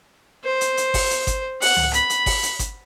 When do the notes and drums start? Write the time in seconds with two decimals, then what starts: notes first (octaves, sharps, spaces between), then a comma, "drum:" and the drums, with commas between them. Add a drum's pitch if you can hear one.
0.44 C5
0.61 drum: hi-hat
0.77 drum: hi-hat
0.94 drum: kick G1, open hi-hat
1.10 drum: hi-hat
1.27 drum: kick G1, hi-hat
1.62 F#5, drum: open hi-hat
1.77 drum: tom C#2
1.93 B5, drum: hi-hat
2.10 drum: hi-hat
2.26 drum: kick G1, open hi-hat
2.43 drum: hi-hat
2.59 drum: kick G1, hi-hat